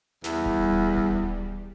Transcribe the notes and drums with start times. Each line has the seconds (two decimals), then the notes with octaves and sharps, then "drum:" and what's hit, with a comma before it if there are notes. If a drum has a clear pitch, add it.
0.24 E2 G3, drum: snare
0.46 drum: kick D1
0.97 drum: kick D1